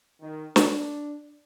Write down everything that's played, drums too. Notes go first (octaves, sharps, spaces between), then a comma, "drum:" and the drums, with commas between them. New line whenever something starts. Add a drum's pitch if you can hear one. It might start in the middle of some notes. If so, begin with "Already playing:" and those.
D#3
D4, drum: snare